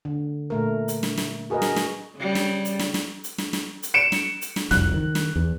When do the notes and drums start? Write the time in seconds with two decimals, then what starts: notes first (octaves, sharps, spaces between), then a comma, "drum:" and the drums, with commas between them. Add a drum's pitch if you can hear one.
0.05 D3
0.50 A#2 A3 A#4
0.88 drum: hi-hat
1.03 drum: snare
1.17 drum: snare
1.50 F#4 G#4 A#4 B4 D#5
1.62 drum: snare
1.76 drum: snare
2.17 C#3 G3
2.35 drum: snare
2.65 drum: hi-hat
2.79 drum: snare
2.94 drum: snare
3.24 drum: hi-hat
3.38 drum: snare
3.53 drum: snare
3.83 drum: hi-hat
3.94 C#7 D7 E7
4.12 drum: snare
4.41 drum: hi-hat
4.56 drum: snare
4.71 F#1 C2 F2 F#6, drum: snare
4.94 D#3
5.15 drum: snare
5.36 E2